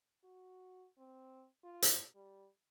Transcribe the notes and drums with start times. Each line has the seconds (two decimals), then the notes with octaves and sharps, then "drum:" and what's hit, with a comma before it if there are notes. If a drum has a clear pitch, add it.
0.24 F#4
0.98 C4
1.63 F4
1.82 drum: hi-hat
2.15 G3